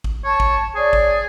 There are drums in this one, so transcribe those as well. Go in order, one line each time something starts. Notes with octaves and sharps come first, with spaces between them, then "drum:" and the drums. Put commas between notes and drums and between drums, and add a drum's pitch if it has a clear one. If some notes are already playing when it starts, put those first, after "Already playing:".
drum: kick A1
C#5 A5 C#6
drum: kick A1
G#4 C#5 D5
drum: kick A1